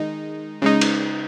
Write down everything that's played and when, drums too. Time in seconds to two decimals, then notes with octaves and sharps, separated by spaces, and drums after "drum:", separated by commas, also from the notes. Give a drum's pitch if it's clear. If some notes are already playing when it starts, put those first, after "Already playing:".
Already playing: D#3 G#3 D#4
0.62 C#3 G#3 D#4
0.81 drum: cymbal